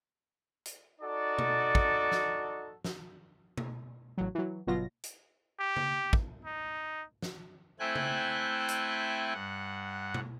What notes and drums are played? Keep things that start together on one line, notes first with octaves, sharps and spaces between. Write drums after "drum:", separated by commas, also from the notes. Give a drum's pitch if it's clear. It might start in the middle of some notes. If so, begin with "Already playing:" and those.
drum: hi-hat
D#4 F#4 A4 D5
drum: tom B2
drum: kick
drum: snare
drum: snare
drum: tom B2
A1 F#3
E3 F#3
G1 B2 F#3 F4 A#6
drum: hi-hat
G4
drum: tom C#3
drum: kick
D#4
drum: snare
A3 C4 E4 G5 G#5 F#6
drum: tom C#3
drum: hi-hat
G2 F#5
drum: tom B2